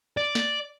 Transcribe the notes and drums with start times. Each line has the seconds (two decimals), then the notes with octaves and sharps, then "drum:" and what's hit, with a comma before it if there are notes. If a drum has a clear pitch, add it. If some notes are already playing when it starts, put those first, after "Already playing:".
0.17 D5
0.35 drum: snare